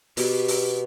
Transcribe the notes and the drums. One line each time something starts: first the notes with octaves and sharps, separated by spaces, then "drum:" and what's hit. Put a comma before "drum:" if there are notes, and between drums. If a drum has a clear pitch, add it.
B2 G4, drum: open hi-hat
drum: open hi-hat